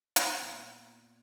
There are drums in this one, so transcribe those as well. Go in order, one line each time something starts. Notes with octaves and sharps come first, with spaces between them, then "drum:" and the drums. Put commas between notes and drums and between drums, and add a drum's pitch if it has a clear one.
B3, drum: hi-hat
A#2